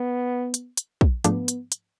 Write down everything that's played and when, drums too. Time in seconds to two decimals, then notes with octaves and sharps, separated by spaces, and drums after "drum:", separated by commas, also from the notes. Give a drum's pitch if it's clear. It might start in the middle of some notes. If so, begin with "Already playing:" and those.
Already playing: B3
0.54 drum: hi-hat
0.77 drum: hi-hat
1.01 drum: kick
1.24 G#2 F3 A3 B3 D4, drum: hi-hat
1.48 drum: hi-hat
1.72 drum: hi-hat